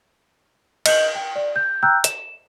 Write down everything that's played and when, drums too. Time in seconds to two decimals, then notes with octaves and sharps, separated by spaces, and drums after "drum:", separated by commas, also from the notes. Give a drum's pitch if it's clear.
0.86 D#5 G6 F#7, drum: cymbal
1.15 G5
1.36 D5
1.56 G6
1.83 G5 A#5 E6 F#6 G6
2.04 E7, drum: hi-hat